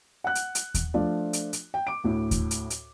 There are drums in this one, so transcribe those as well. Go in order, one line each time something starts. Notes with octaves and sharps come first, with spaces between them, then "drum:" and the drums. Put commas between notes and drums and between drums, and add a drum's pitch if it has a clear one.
F#5 F#6
drum: hi-hat
drum: hi-hat
drum: kick D#2, hi-hat
F3 A3 D4 F4 D5
drum: hi-hat
drum: hi-hat
G5
D6 D7
D2 A2
drum: kick D#2, hi-hat
drum: hi-hat
drum: hi-hat